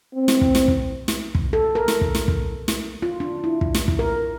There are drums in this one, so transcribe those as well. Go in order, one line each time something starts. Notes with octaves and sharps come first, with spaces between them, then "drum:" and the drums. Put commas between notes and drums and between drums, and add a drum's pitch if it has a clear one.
C4
drum: snare
drum: kick
drum: snare
drum: kick
drum: snare
drum: kick
A4
A#4
drum: snare
drum: kick
drum: snare
drum: kick
drum: snare
F4
D4
E4
drum: kick
drum: snare
drum: kick
A#4